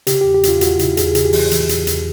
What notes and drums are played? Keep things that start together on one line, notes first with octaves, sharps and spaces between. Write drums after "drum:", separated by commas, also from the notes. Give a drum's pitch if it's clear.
C#3 G4, drum: hi-hat
E2 G4
G4
E2 F4, drum: hi-hat
E2 F#4, drum: hi-hat
C#3 E4, drum: hi-hat
E2 G#4, drum: hi-hat
C#3 G#4, drum: hi-hat
G4
E3 G#4, drum: open hi-hat
E3, drum: hi-hat
E2, drum: hi-hat
E2, drum: hi-hat